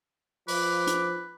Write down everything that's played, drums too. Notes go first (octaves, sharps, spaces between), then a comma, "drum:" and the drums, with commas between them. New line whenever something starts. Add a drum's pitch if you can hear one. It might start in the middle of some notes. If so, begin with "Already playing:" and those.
F3 B4 D6, drum: open hi-hat
drum: hi-hat